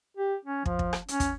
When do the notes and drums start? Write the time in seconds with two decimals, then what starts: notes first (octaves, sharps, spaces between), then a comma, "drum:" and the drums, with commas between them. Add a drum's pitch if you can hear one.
0.17 G4
0.45 C#4
0.66 F3, drum: kick
0.79 drum: kick
0.93 drum: rim click
1.08 C#4, drum: hi-hat
1.20 drum: kick, hi-hat